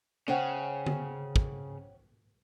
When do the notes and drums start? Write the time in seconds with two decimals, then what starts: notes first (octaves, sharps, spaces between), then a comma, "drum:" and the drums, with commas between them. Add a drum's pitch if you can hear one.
0.28 C#3 C#4 C5 C#5 F#5 G5
0.86 drum: tom D3
1.36 drum: kick